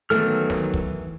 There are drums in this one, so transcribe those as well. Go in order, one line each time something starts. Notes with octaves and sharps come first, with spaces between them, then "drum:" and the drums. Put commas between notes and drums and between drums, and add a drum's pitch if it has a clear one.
D#3 E3 F#3 A3 B3 F6
drum: snare
drum: kick